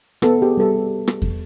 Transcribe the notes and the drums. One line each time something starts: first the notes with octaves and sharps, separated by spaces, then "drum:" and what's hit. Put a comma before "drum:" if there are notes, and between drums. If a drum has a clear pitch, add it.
B3 A4, drum: rim click
G4 G#4
G3 A4
drum: rim click
drum: kick E2